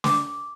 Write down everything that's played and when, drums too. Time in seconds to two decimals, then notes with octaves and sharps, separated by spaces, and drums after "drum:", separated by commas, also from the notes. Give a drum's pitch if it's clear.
0.04 D6, drum: snare